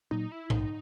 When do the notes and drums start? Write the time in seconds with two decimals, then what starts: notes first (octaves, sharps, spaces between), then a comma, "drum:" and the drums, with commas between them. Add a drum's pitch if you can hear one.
0.11 A#2 F#3 D#4
0.32 E4
0.50 A#1 D#4, drum: tom G#2